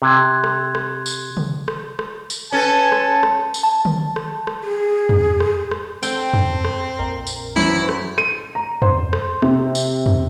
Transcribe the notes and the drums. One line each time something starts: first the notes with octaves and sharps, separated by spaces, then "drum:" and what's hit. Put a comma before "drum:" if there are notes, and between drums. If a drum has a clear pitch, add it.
C3 C6 F#6 G#6
drum: rim click
drum: rim click
drum: tambourine
drum: tom
drum: rim click
drum: rim click
drum: tambourine
C#4 A4 B4 G#5 A5
drum: rim click
drum: rim click
drum: tambourine
A5
drum: tom
drum: rim click
drum: rim click
G#4
drum: tom
drum: rim click
drum: rim click
C4 A4 G5, drum: tambourine
drum: tom
drum: rim click
A#1 F2 A#4
drum: tambourine
F#2 E4 B4 C5, drum: tom
drum: rim click
D#7, drum: rim click
A#5
C5, drum: tom
drum: rim click
C3, drum: rim click
drum: tambourine
drum: tom